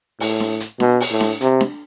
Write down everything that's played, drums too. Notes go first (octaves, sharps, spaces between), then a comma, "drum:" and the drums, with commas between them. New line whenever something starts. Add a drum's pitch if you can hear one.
A2, drum: open hi-hat
drum: snare D4
drum: hi-hat
B2, drum: snare D4
drum: open hi-hat
A2
drum: snare D4
C3, drum: hi-hat
drum: snare D4